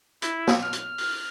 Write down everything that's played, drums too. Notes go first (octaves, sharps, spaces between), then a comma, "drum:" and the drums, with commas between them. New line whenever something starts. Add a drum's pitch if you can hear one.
E4, drum: hi-hat
drum: snare
F6
drum: hi-hat
drum: open hi-hat